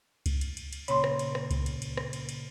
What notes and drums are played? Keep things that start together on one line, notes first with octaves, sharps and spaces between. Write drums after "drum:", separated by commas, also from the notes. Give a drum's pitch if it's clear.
drum: kick C#2, cymbal
drum: cymbal
drum: cymbal
drum: cymbal
A#2 C#3 C#5 B5 C6, drum: cymbal
drum: rim click
drum: cymbal
drum: rim click
drum: kick C#2, cymbal
drum: cymbal
drum: cymbal
drum: rim click
drum: cymbal
drum: cymbal